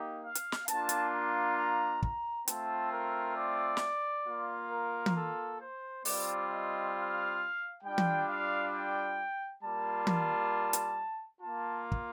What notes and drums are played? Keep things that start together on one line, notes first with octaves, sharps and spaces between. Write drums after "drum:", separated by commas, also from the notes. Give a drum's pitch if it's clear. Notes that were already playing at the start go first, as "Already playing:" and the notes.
Already playing: A#3 D#4 G4
F5
drum: hi-hat
drum: snare
A#3 D4 F4 A5, drum: hi-hat
drum: hi-hat
A#5
A#5
A#5, drum: kick
A3 C4 F4 A5, drum: hi-hat
A#4
D5
drum: snare
A#3 F4
A#4
drum: tom
A4
C5
G3 C4 F4 D5, drum: open hi-hat
D#5
F5
G3 D4 F4 G5
drum: tom
F5
G5
G3 A#3 F4 A5
A5, drum: tom
drum: hi-hat
A#3 F4 A5
drum: kick